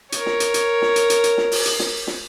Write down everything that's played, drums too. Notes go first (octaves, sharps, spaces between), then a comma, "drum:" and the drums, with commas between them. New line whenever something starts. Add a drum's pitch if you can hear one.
A#4 C#5, drum: hi-hat
drum: snare
drum: hi-hat
drum: hi-hat
drum: snare
drum: hi-hat
drum: hi-hat
drum: hi-hat
drum: snare
drum: open hi-hat
drum: hi-hat
drum: snare
drum: snare